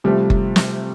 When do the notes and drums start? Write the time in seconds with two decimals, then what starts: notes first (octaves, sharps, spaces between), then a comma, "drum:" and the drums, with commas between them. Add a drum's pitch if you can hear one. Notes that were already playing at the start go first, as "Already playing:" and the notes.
0.04 C3 F3 G3 A3 C4
0.30 drum: kick F#1
0.56 drum: snare